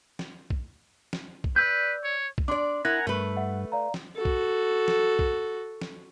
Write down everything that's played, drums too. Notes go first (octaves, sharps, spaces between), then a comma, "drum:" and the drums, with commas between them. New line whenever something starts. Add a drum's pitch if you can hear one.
drum: snare
drum: kick B1
drum: snare
drum: kick B1
B4 D5 E6 G6
C#5
drum: kick B1
D4 D5 C6 D6
E4 A#4 F#5 G#5 A#5
G2 A3 B4
E5 F#5
D5 F5 A#5
drum: snare
F#4 A4
drum: kick B1
drum: snare
drum: kick B1
drum: snare